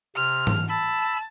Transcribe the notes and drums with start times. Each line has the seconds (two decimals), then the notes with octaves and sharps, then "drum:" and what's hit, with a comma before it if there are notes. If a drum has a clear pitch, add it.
0.16 C3 F6
0.47 drum: tom G#2
0.69 A5 B5 E6